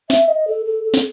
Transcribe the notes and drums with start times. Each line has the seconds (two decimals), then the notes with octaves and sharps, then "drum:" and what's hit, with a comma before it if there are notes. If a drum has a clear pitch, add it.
0.10 E5, drum: snare
0.28 D#5
0.48 A4
0.66 A4
0.84 A4
0.94 drum: snare